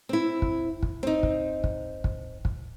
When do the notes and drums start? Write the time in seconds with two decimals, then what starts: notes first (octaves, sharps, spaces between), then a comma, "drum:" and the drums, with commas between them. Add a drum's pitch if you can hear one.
0.09 C4 E4
0.42 drum: kick
0.83 drum: kick
1.03 C4 D#4
1.23 drum: kick
1.64 drum: kick
2.04 drum: kick
2.45 drum: kick